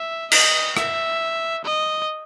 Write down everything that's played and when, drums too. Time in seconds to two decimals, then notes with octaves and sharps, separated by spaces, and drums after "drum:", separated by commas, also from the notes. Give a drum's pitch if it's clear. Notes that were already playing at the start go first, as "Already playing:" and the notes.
Already playing: E5
0.32 D#5, drum: cymbal
0.77 E5, drum: rim click
1.65 D#5